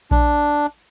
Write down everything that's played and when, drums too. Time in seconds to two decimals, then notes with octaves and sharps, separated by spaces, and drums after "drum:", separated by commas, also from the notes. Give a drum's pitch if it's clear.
0.11 D4, drum: kick A#1